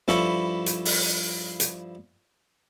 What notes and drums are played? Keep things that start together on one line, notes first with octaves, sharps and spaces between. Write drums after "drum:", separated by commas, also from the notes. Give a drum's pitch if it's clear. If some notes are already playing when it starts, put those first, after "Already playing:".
G2 F3 E4 A4 B5 C#6, drum: snare
drum: hi-hat
drum: open hi-hat
drum: hi-hat